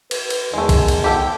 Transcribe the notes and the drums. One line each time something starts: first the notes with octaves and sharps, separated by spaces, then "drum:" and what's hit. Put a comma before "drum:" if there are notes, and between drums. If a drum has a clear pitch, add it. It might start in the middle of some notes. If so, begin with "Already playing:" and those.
B4, drum: cymbal
drum: cymbal
E2 D#3 G#3 A3
drum: kick A#1, cymbal
drum: cymbal
G4 A4 G5